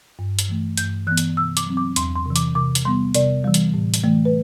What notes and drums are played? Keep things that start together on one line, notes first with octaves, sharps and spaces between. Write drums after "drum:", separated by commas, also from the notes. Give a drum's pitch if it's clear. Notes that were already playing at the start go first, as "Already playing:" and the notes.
G2
drum: hi-hat
E3 A3
G2 G6, drum: hi-hat
E3 B3 F#6
drum: hi-hat
C3 E6
D6, drum: hi-hat
F#3 C4
D6
E2 C6, drum: hi-hat
C6
C3 E3
D6, drum: hi-hat
C3 D6
drum: hi-hat
G3 B3 C6
C3 D5, drum: hi-hat
E3 G3
drum: hi-hat
A2
drum: hi-hat
E3 A3
B4